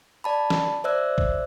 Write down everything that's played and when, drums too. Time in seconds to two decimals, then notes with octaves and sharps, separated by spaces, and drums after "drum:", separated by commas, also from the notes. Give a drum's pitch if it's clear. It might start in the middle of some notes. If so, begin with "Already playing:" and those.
0.24 D5 A5 B5
0.50 drum: snare
0.84 C5 D5 E5 E6 F#6
1.18 drum: kick